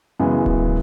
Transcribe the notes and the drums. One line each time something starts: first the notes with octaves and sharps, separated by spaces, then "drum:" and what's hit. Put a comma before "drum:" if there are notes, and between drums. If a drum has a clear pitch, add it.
F#2 C#3 E3 G#3 B3
drum: kick D1